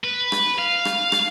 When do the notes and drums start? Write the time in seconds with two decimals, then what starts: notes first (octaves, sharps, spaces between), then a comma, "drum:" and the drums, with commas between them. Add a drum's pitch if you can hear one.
0.04 B4
0.32 drum: rim click
0.59 F5
0.85 drum: rim click
1.12 drum: rim click